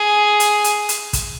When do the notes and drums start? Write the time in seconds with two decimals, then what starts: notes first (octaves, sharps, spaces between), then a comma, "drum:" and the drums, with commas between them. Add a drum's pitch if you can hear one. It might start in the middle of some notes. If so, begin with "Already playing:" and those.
Already playing: G#4
0.40 drum: hi-hat
0.64 drum: hi-hat
0.89 drum: hi-hat
1.13 drum: kick, hi-hat